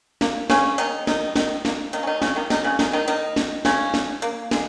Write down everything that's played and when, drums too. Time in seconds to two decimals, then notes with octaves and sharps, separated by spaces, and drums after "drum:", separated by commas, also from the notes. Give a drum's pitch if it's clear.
0.21 A#3, drum: snare
0.50 C#3 C#4, drum: snare
0.78 D#3 D#4, drum: hi-hat
1.07 D#3 D#4, drum: snare
1.36 D#3 D#4, drum: snare
1.65 A#3, drum: snare
1.93 D#3 D#4, drum: hi-hat
2.03 C#4
2.07 D#3 D#4
2.22 C#3 C#4, drum: snare
2.36 D#3 D#4
2.50 D#3 D#4, drum: snare
2.64 C#3 C#4
2.79 D#3 D#4, drum: snare
2.93 D#3 D#4
3.08 D#3 D#4, drum: hi-hat
3.36 drum: snare
3.65 C#3 C#4, drum: snare
3.94 drum: snare
4.22 A#3, drum: hi-hat
4.51 G#3, drum: snare